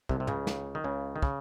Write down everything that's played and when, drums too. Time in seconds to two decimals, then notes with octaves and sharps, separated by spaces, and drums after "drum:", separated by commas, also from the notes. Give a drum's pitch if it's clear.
0.09 C2 C3, drum: kick
0.20 C3
0.27 C#2 C#3, drum: tom
0.47 drum: snare
0.75 D#3
0.84 C#2 C#3
1.16 D#3
1.22 C#3, drum: kick